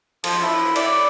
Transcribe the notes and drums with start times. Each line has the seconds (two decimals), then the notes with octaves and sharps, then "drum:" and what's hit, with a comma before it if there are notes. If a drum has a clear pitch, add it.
0.24 F3, drum: cymbal
0.42 E4
0.76 D5, drum: cymbal